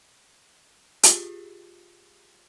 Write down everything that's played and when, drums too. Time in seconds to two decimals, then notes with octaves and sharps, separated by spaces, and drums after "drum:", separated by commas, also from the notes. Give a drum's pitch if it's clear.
1.03 F4 G4 G#4, drum: hi-hat